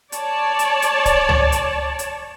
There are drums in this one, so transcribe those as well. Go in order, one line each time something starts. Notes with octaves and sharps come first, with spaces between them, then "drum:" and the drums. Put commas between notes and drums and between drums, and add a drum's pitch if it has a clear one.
C#5 D5 A5, drum: hi-hat
drum: hi-hat
drum: hi-hat
drum: kick C#1, hi-hat
drum: tom C#2
drum: hi-hat
drum: hi-hat